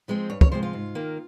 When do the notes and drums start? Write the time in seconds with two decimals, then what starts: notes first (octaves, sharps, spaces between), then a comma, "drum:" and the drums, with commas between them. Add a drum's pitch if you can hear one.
0.08 F3 G#3 C4
0.30 G2 C#5
0.41 C#5, drum: kick
0.52 F3 G#3 C4 C5
0.63 F4
0.73 G#2
0.95 D#3 A#3